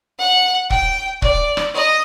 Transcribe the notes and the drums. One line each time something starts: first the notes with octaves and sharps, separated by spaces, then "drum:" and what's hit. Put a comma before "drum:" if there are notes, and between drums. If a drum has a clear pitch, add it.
F#5
G5, drum: kick
D5, drum: kick
drum: rim click
D#5